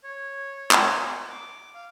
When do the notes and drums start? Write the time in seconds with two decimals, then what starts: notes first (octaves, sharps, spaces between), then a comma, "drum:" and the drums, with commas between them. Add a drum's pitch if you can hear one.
0.04 C#5
0.71 drum: clap
1.30 D6
1.75 F5